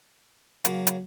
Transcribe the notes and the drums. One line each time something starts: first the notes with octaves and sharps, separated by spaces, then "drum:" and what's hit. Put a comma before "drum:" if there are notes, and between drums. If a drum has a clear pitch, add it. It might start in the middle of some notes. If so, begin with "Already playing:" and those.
C#3 F#3 A#3, drum: hi-hat
drum: hi-hat